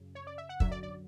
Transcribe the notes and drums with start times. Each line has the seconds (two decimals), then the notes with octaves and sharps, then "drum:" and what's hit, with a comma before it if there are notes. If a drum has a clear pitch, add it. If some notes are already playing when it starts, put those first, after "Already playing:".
Already playing: F#2 C#3
0.15 C#5
0.27 D5
0.38 E5
0.49 F#5
0.60 F#2 D3 F#3 E5, drum: kick
0.71 D5
0.83 D5